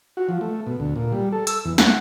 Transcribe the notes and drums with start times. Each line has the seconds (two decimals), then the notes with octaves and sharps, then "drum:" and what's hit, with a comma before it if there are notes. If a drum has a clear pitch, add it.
0.17 F#4
0.29 F3
0.41 A3
0.67 B2
0.80 D2
0.96 A#2
1.12 G3
1.32 A4
1.47 E6, drum: hi-hat
1.65 E2
1.78 F#5, drum: snare